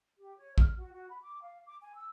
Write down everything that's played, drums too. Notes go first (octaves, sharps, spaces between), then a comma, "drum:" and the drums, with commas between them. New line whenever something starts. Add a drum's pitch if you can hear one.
G4
C#5
F6, drum: kick
F#4
F#4
B5
D6
F5
D6
G#5
E6